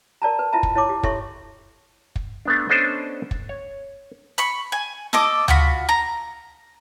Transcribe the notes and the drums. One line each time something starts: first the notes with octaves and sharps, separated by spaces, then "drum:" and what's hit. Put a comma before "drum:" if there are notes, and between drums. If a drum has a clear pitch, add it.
A#4 D5 A5 A#5
B4
E4 F4 E5 A5 A#5
drum: kick
E4 C#5 A5 C6 D6
G4
E4 A4 C#5 E5 C6 C#6, drum: kick
drum: kick
A3 B3 D4
B3 C#4 D4 A4 C5 D#5
drum: kick
C#5
B5 C#6, drum: hi-hat
G#5
A4 D#5 D6, drum: snare
F4 F#4 B5, drum: tom D2
A#5